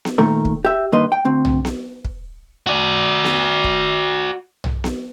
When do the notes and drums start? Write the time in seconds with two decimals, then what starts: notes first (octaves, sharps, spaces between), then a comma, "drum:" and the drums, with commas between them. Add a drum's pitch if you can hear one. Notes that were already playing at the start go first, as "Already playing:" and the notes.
0.05 drum: snare B3
0.18 A#2 D#3 A3 A#4
0.45 drum: kick
0.65 G4 E5
0.92 G2 D#3 A#3 B4 D#5 C6
1.12 G5
1.25 D2 C4
1.45 drum: tom B1
1.65 drum: snare B3
2.05 drum: kick
2.67 F#4 D5
3.24 drum: snare B3
3.64 drum: kick
4.64 drum: tom B1
4.84 drum: snare B3